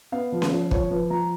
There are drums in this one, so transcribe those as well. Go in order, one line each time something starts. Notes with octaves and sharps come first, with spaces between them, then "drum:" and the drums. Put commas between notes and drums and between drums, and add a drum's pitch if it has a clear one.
B3 F5
F3
drum: snare C#4
F3
F3 C#5, drum: kick
F3 B4
F3 A#5